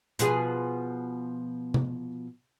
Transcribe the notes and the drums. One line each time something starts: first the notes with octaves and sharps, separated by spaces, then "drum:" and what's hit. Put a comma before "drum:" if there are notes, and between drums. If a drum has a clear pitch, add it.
B2 F3 G#4, drum: hi-hat
drum: tom C3